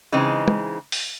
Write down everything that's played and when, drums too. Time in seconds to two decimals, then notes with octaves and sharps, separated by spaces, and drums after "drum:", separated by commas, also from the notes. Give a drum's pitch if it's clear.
0.12 C#3 E3 G#3 C4 D#4
0.48 drum: tom
0.92 drum: open hi-hat